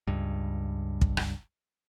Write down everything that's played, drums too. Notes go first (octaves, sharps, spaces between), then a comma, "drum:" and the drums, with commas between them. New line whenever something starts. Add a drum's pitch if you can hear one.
C#2 G2
drum: kick
drum: rim click